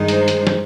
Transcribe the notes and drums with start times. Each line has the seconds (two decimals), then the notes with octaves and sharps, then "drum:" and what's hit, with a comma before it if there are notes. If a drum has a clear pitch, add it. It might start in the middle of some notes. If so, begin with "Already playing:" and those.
Already playing: G2 D#3 G#3 D#4
0.08 C5, drum: hi-hat
0.28 drum: hi-hat
0.47 drum: snare